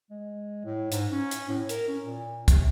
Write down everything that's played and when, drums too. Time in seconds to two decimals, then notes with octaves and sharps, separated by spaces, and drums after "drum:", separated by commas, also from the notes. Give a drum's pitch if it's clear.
0.11 G#3
0.65 A2
0.92 G#2, drum: hi-hat
1.12 C#4
1.31 drum: hi-hat
1.49 A2
1.69 A#4, drum: hi-hat
1.88 C#4
2.04 A#2
2.48 C3, drum: kick, hi-hat